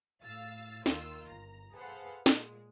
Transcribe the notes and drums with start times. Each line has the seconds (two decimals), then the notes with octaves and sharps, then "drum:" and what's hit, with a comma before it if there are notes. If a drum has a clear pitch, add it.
0.23 A2 F5 E6 A6
0.86 D#2 D#3 F4 E6, drum: snare
1.27 G1 A#5
1.74 G#4 A4 B4 C5 F5 F#5
2.26 A#2 G#3, drum: snare